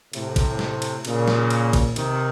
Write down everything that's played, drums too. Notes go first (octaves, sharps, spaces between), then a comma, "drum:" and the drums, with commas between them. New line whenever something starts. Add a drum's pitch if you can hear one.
A2 C3, drum: cymbal
drum: kick, cymbal
drum: snare
drum: cymbal
A#2 C#3, drum: cymbal
drum: snare
drum: cymbal
drum: kick, cymbal
C3 D#3, drum: cymbal